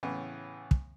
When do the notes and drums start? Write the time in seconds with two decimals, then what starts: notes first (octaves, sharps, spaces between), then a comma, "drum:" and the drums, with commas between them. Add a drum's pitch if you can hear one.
0.03 A2 C#3 E3 B3
0.71 drum: kick